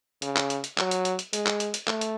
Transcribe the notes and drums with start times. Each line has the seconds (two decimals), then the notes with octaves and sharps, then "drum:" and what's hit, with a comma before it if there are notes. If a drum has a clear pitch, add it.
0.22 C#3, drum: hi-hat
0.36 drum: clap
0.50 drum: hi-hat
0.64 drum: hi-hat
0.78 F#3, drum: clap
0.91 drum: hi-hat
1.05 drum: hi-hat
1.19 drum: hi-hat
1.33 G#3, drum: hi-hat
1.46 drum: clap
1.60 drum: hi-hat
1.74 drum: hi-hat
1.87 A3, drum: clap
2.01 drum: hi-hat